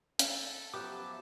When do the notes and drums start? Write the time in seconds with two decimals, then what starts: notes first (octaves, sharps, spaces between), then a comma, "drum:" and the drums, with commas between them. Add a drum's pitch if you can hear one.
0.19 C#4 A4, drum: hi-hat
0.74 F3 F#3 B3 G4 B4 E5 A5 D6